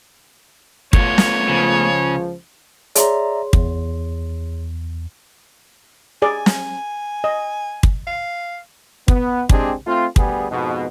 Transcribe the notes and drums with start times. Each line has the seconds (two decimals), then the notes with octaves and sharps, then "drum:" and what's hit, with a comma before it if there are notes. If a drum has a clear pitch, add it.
0.93 A3 B3 F4 C#5, drum: kick
1.18 drum: snare
1.48 C#2 C#3 F3
2.95 G#4 C#5 D5 E5 A#5 C6, drum: hi-hat
3.53 E2, drum: kick
6.22 G#4 D5 G#5
6.46 drum: snare
7.24 D#5
7.83 drum: kick
8.07 F5
9.08 B3, drum: kick
9.49 G#3 C4 D4 G4 G#4, drum: kick
9.87 A3 C4 F4
10.16 D2 G3 B3 G#4, drum: kick
10.51 F2 G#2 B2